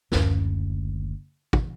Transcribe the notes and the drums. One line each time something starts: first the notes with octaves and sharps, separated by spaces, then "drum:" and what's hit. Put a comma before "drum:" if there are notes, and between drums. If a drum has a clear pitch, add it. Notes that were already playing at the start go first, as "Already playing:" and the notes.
F#1 D2, drum: snare
drum: kick